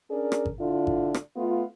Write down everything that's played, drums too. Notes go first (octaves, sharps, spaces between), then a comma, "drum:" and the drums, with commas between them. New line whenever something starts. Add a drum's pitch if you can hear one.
C#4 D4 G#4 A#4 D5
drum: rim click
drum: kick G#1
D3 D4 E4 F4
drum: kick G#1
drum: rim click
A3 B3 F4